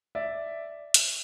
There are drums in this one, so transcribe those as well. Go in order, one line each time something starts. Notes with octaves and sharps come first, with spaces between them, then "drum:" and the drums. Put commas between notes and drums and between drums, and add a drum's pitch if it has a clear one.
D5 E5
drum: hi-hat